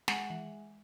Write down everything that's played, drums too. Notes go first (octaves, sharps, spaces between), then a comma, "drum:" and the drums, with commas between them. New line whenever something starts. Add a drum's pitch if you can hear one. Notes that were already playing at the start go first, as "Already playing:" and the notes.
G#3 F#5, drum: snare
E3